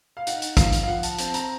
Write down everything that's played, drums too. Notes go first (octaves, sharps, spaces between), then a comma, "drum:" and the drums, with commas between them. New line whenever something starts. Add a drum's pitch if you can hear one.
F5
D#4 F#5, drum: hi-hat
drum: hi-hat
F3 F5, drum: kick, hi-hat
drum: hi-hat
F5
F3 F#5
A5, drum: hi-hat
C4 A5, drum: hi-hat
A#5, drum: hi-hat